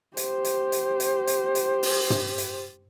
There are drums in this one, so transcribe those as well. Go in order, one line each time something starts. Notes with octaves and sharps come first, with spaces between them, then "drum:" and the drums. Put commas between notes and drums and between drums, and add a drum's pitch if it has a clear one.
G4 C5, drum: hi-hat
drum: hi-hat
drum: hi-hat
drum: hi-hat
drum: hi-hat
drum: hi-hat
drum: open hi-hat
drum: tom
drum: hi-hat